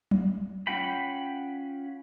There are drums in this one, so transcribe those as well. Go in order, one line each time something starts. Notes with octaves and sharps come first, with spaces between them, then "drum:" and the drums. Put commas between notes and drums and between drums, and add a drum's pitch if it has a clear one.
drum: tom F#3
C#4 F4 F#5 G5 B5